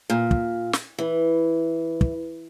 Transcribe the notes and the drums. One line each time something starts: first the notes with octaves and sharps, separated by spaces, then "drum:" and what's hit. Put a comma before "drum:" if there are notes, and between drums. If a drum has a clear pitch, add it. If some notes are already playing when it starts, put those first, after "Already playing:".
A#2
drum: kick
drum: snare
E3
drum: kick